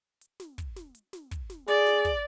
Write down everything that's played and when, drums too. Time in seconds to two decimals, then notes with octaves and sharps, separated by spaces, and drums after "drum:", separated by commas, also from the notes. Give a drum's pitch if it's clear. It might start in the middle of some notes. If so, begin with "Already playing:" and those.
0.21 drum: hi-hat
0.40 drum: snare
0.58 drum: kick, hi-hat
0.76 drum: snare
0.95 drum: hi-hat
1.13 drum: snare
1.31 drum: kick, hi-hat
1.50 drum: snare
1.68 G#4 D5, drum: hi-hat
1.86 drum: snare
2.05 drum: kick, hi-hat